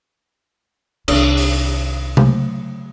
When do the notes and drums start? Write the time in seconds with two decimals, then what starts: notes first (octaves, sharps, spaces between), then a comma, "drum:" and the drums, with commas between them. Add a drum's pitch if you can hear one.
1.08 C2 D#3 D4, drum: cymbal
1.37 drum: open hi-hat
2.17 C#3 F#3 A3, drum: tom C3